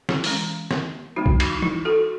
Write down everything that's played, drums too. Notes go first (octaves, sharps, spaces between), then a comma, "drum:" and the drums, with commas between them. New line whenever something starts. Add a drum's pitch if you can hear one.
E4 G#4, drum: snare
E3 G#3 C#4, drum: open hi-hat
drum: snare
E3 G#3 B3 D#4 F#4
drum: kick A#1
D#4, drum: cymbal
E4, drum: tom
F#4 A4